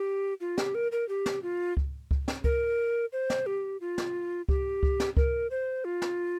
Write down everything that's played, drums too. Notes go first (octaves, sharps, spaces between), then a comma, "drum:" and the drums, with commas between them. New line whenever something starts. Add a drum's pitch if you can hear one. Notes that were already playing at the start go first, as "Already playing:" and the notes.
Already playing: G4
F4
G4, drum: snare
A#4
A#4
G4
drum: snare
F4
drum: kick C#2
drum: kick C#2
drum: snare
A#4, drum: kick C#2
C5
drum: snare
G4
F4
drum: snare
G4, drum: kick C#2
drum: kick C#2
drum: snare
A#4, drum: kick C#2
C5
F4
drum: snare